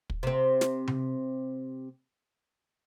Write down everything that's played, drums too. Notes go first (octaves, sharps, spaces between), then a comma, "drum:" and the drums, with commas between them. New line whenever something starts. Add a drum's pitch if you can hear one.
drum: kick
C3 C4
drum: snare
drum: tom C3